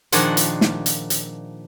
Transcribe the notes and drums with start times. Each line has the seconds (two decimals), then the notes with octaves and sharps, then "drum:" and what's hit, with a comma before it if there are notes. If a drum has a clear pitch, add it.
0.12 A#2 D#3 F3 D4 G#4 F#5, drum: hi-hat
0.37 drum: hi-hat
0.61 drum: snare
0.86 drum: hi-hat
1.10 drum: hi-hat